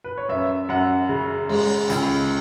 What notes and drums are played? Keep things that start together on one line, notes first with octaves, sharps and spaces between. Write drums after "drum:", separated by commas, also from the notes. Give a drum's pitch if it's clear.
B4
C#5
F#2 E5
F#2 F#5
C#3
G#3, drum: cymbal
C#2, drum: hi-hat